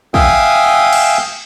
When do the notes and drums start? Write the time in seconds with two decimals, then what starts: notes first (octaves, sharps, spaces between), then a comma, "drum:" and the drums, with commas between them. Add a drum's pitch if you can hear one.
0.14 E5 F5 G5 G#5 D#6, drum: kick
0.93 drum: cymbal